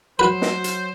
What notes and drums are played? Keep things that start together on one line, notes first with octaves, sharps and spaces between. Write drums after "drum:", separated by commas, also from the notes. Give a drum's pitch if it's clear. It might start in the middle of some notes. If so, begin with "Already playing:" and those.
F#3 F#4 B4 C5 B5
drum: snare
drum: hi-hat